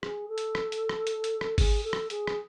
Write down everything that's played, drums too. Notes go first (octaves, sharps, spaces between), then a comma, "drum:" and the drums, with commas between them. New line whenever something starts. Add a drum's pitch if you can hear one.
G#4, drum: rim click
A4
drum: hi-hat
drum: rim click
drum: hi-hat
drum: rim click
drum: hi-hat
drum: hi-hat
drum: rim click
G#4, drum: kick G#1, open hi-hat
A4
drum: rim click
G#4, drum: hi-hat
drum: rim click